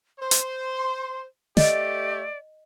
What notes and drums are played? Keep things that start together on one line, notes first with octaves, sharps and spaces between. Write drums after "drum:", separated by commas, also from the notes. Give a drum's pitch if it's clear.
C5 C6
drum: hi-hat
A3 G4 D5 D#5, drum: snare